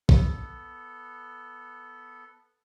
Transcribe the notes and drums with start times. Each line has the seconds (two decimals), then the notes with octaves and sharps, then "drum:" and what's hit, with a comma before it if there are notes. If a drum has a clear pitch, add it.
0.09 B3 A4, drum: kick